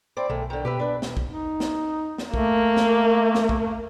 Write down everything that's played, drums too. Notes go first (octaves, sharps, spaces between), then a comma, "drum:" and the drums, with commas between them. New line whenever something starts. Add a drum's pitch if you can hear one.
C4 E4 D5
B1 D#3 G#3 A3
D3 D#3
B2 G4 B4 E5
D4 B4
drum: snare
drum: kick
D#4
drum: snare
drum: snare
A3 A#3, drum: kick
drum: snare
drum: snare
drum: kick